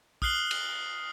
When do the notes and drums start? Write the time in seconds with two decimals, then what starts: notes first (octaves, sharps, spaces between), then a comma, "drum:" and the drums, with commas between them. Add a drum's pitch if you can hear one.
0.22 D#6 F6 F#6 C7 F#7 G7, drum: kick
0.51 drum: cymbal